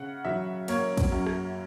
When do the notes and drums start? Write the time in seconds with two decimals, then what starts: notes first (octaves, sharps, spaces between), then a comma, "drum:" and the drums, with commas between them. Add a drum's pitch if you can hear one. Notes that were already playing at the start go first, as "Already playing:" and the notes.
Already playing: C#3 F#5
0.25 F#3 E5
0.68 A#3 C#5, drum: cymbal
0.97 drum: kick, cymbal
1.12 F#2
1.26 drum: rim click